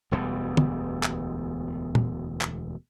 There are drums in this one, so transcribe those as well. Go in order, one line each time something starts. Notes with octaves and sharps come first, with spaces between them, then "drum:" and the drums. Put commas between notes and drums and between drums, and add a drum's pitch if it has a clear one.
E1 D2 B2 G3
drum: tom
drum: clap
drum: tom
drum: clap